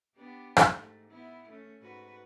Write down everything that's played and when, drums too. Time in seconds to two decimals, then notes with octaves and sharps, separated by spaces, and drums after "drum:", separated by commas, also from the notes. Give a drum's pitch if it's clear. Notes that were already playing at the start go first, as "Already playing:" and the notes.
0.16 B3 D4 G4
0.57 drum: rim click
0.68 G#2 A3
1.11 B3 E4
1.49 A3 C#4
1.81 G#2 F#4 B4